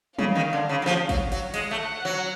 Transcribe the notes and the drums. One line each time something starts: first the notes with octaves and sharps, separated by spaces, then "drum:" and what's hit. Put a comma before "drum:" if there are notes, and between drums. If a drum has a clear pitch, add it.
C#3 F5, drum: tom
D#3
D3
C#3
F#3
F3, drum: snare
F#3, drum: kick, cymbal
F#3, drum: cymbal
G#3 F#5, drum: cymbal
A3
F#3